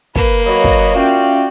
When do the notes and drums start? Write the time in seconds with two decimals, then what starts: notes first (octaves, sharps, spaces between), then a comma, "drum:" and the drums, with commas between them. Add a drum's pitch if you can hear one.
0.15 A#3 B4, drum: kick
0.46 F#3 F#4 B4 C#5 D#5 F5 B5
0.64 drum: kick
0.95 C#4 F4 F#4 D5 E5 F5 G5